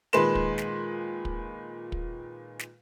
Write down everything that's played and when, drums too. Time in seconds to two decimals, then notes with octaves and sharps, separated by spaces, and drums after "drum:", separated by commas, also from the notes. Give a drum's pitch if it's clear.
0.13 A#2 D#3 G#3 B4 C6 E7, drum: snare
0.35 drum: kick
0.58 drum: snare
1.25 drum: kick
1.92 drum: kick
2.59 drum: snare